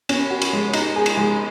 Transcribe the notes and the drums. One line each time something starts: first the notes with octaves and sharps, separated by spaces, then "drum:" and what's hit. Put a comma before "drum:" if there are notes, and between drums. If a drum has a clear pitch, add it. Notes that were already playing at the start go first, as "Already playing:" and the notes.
C#4, drum: cymbal
F#4
drum: cymbal
G#3
D#4, drum: cymbal
G#4
drum: cymbal
G#3